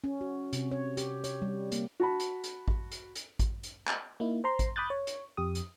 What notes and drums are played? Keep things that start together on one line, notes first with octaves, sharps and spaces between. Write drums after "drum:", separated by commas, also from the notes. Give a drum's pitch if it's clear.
C#4
F#4
C3, drum: hi-hat
C#5
G4, drum: hi-hat
C#5, drum: hi-hat
G3
A#3, drum: hi-hat
F#4 A5 B5
drum: hi-hat
drum: hi-hat
drum: kick A1
drum: hi-hat
drum: hi-hat
drum: kick A1, hi-hat
drum: hi-hat
drum: clap
A#3 D#4 E4
C5 A#5 C6
drum: kick A1, hi-hat
B5 D6 D#6 F#6 G6 A6
C#5
drum: hi-hat
F2 G4 D#6
drum: hi-hat